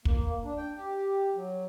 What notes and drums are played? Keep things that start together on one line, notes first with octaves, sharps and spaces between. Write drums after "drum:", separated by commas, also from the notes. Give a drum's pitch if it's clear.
A#3, drum: kick
D4
G5
G4
F#3